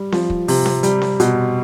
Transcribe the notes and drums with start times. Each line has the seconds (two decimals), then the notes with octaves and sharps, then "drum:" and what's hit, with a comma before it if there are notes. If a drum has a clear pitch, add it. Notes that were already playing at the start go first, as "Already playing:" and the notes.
Already playing: G3
0.12 F3, drum: snare C4
0.30 drum: kick
0.48 C3, drum: open hi-hat
0.66 drum: snare C4
0.83 G3, drum: hi-hat
1.02 drum: snare C4
1.20 B2, drum: hi-hat